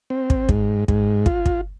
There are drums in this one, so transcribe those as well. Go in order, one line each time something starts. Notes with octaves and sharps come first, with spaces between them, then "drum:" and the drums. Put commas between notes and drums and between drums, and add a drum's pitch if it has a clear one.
C4
drum: kick
G#2, drum: kick
G#2, drum: kick
F4, drum: kick
drum: kick